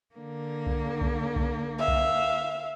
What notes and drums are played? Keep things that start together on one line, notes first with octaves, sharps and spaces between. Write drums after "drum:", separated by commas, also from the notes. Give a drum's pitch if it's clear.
D3 A#3
drum: kick B1
drum: kick B1
drum: kick B1
E5 F5
drum: kick B1